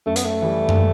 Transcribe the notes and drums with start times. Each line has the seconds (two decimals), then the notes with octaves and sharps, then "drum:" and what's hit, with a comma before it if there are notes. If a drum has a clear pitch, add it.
0.06 F#2 A3
0.16 B3, drum: hi-hat
0.25 A3
0.42 E3 G3
0.69 drum: tom F#2